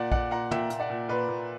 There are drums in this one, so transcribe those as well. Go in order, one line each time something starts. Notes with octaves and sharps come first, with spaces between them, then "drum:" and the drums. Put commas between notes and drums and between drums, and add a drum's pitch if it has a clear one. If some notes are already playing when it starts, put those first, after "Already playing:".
Already playing: A#2 D5 F#5
A#2 D5 F#5, drum: kick A#1
A#2 F#5 A#5
A#2 E5 G5, drum: tom
A#2, drum: hi-hat
D5 F#5
A#2
A#2 B4 D5
A#2